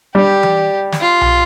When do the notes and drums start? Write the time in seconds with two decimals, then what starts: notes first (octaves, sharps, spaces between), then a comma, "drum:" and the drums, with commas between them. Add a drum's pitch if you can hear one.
0.15 G3 G4
0.43 drum: tom E3
0.92 drum: snare
1.02 F4
1.21 drum: tom B1